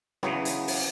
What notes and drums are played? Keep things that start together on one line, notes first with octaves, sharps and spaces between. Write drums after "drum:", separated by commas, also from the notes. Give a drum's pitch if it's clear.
C#3 E3 F#3 B3, drum: rim click
drum: hi-hat
drum: open hi-hat